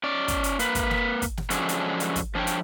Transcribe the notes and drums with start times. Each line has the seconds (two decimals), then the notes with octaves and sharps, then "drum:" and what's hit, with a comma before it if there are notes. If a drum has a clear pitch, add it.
0.04 C#4 D5
0.28 drum: kick, hi-hat
0.44 drum: hi-hat
0.59 A#3 B4, drum: hi-hat
0.75 drum: kick, hi-hat
0.91 drum: snare
1.22 drum: kick, hi-hat
1.37 drum: snare
1.50 D3 F3 F#3 G#3 C#4 D4, drum: hi-hat
1.69 drum: hi-hat
2.00 drum: hi-hat
2.16 drum: kick, hi-hat
2.35 F3 D4 C#5 E5 G5
2.47 drum: hi-hat